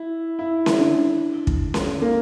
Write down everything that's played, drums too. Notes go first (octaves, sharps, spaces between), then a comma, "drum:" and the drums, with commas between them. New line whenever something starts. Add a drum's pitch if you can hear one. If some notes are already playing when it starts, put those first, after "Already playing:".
Already playing: E4
E4
drum: snare C#4
D4
drum: kick
drum: snare C#4
A#3